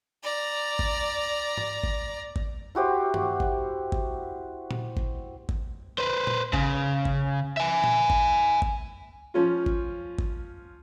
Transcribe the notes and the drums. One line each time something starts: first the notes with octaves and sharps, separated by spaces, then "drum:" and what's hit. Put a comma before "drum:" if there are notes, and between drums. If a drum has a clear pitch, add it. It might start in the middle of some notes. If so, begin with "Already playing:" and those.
D5 A#5
drum: kick G#1
drum: tom G#2
drum: kick G#1
drum: kick G#1
E4 F#4 G4 C5
drum: tom
drum: kick G#1
drum: kick G#1
drum: tom A#2
drum: kick G#1
drum: kick G#1
B4 C5
drum: tom A#2
C#3, drum: kick G#1
drum: kick G#1
E5 G#5
drum: tom A#2
drum: kick G#1
drum: kick G#1
F3 C#4 F4
drum: kick G#1
drum: kick G#1